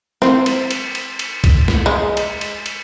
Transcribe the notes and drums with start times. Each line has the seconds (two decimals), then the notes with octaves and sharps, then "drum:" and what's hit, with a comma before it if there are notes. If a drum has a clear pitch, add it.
0.22 C4, drum: snare
0.46 drum: cymbal
0.71 drum: cymbal
0.95 drum: cymbal
1.19 drum: cymbal
1.44 drum: kick C2, cymbal
1.68 drum: snare
1.86 G#3
2.17 drum: cymbal
2.41 drum: cymbal
2.66 drum: cymbal